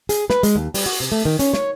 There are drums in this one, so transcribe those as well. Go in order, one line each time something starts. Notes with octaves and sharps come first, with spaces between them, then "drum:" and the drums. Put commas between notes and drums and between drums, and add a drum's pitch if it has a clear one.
G#4, drum: hi-hat
B4, drum: snare
G#3, drum: hi-hat
D#2
G3, drum: open hi-hat
F#4
C3
A3
D#3
C#4, drum: hi-hat
C#5, drum: snare